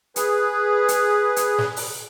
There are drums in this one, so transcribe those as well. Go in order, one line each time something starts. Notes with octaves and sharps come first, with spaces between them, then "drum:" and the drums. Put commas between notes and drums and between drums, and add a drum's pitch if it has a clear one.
G#4 B4, drum: hi-hat
drum: hi-hat
drum: hi-hat
drum: snare
drum: open hi-hat